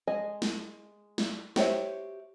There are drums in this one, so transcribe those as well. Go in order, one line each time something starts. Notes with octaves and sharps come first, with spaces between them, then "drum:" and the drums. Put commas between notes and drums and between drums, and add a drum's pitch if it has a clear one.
G#3 D#5 G#5
drum: snare
drum: snare
F#4 G4 C5 C#5 E5, drum: snare